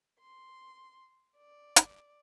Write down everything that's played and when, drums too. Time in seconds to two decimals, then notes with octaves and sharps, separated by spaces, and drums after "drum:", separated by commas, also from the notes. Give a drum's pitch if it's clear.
0.19 C6
1.37 D5
1.76 drum: hi-hat